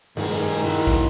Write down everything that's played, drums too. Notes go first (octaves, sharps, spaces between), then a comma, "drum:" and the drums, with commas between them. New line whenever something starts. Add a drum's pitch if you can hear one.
G2 D#3 G#4, drum: snare
drum: hi-hat
E4 F#4
drum: kick, hi-hat